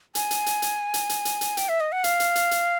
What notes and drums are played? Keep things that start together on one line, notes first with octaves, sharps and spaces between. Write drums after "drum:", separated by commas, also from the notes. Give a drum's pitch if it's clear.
G#5, drum: hi-hat
drum: hi-hat
drum: hi-hat
drum: hi-hat
drum: hi-hat
drum: hi-hat
drum: hi-hat
drum: hi-hat
G5, drum: hi-hat
E5
D#5
F#5
F5, drum: hi-hat
drum: hi-hat
drum: hi-hat
drum: hi-hat